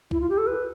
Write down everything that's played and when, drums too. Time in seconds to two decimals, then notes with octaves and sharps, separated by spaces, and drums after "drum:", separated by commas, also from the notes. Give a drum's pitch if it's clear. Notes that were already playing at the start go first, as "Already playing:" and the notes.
0.11 E4, drum: kick C2
0.21 F4
0.29 G4
0.38 A4
0.47 B4